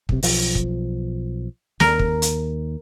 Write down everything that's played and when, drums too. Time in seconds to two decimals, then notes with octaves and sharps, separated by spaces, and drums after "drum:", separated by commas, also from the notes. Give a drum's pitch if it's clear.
0.09 B1 C3, drum: kick
0.23 B1 F3, drum: open hi-hat
0.55 drum: kick
1.80 D#2 A#4, drum: snare
1.99 drum: kick
2.22 drum: hi-hat